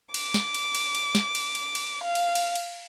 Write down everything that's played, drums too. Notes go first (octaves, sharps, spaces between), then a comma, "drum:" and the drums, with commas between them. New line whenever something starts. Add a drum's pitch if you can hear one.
D6, drum: cymbal
drum: snare
drum: cymbal
drum: cymbal
drum: cymbal
drum: snare
drum: cymbal
drum: cymbal
drum: cymbal
F5
drum: cymbal
drum: cymbal
drum: cymbal